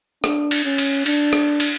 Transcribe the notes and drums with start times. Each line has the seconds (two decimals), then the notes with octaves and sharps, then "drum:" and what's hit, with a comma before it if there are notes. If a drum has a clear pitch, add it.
0.24 D4, drum: rim click
0.51 drum: cymbal
0.65 C#4
0.78 drum: cymbal
1.06 D4, drum: cymbal
1.33 drum: rim click
1.60 drum: cymbal